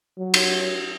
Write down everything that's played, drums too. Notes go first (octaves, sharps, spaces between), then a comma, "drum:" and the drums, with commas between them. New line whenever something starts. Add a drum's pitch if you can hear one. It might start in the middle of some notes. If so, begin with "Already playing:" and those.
F#3
drum: cymbal